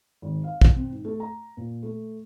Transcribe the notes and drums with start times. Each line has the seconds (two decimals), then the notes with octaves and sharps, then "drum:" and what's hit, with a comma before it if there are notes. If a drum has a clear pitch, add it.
0.22 G#1
0.44 F5
0.61 drum: kick
0.76 C4
0.91 G#2
1.05 A3
1.20 A#5
1.57 A#2
1.83 A3